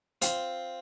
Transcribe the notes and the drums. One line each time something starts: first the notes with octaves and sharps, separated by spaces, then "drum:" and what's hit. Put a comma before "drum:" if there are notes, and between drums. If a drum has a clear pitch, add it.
C4 F4, drum: hi-hat